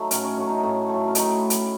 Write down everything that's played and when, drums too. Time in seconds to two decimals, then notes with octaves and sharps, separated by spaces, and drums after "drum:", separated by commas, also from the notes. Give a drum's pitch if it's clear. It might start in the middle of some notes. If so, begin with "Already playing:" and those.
Already playing: F#3 A3 D#4
0.11 A2 C#4, drum: hi-hat
0.24 C#4
0.37 F#3 A3 C#4
0.50 D#4
0.63 A2 C#4
0.89 F#3 A3
1.08 C#4
1.15 A2 D#4, drum: hi-hat
1.29 E4
1.50 drum: hi-hat